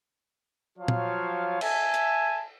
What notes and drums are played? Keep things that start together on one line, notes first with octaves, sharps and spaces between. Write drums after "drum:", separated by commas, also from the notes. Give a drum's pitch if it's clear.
F3 F#3 F4 C#5 F5
drum: tom
E5 G#5 A5, drum: cymbal
drum: hi-hat